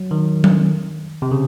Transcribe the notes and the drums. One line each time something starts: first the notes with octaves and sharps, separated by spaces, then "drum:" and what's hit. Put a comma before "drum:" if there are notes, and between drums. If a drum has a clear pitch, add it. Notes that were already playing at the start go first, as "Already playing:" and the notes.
Already playing: F#3
D#3
drum: tom F#3
C3
C#3